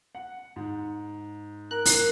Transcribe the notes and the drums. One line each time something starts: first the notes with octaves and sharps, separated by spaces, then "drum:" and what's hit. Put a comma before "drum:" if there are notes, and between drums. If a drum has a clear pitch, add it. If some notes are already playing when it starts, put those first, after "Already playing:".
F#5
G#2
A#4 F#6
drum: open hi-hat